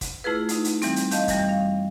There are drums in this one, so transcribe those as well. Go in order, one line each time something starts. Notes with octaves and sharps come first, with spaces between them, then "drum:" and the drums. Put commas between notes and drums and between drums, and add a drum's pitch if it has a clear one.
drum: kick, hi-hat
A3 E4 F4 G#4 B4
A3 D#4, drum: hi-hat
drum: hi-hat
E3 G3 C4, drum: hi-hat
drum: hi-hat
D#5 F5 A5 G6, drum: hi-hat
F#2 E3 G3, drum: kick, hi-hat
F5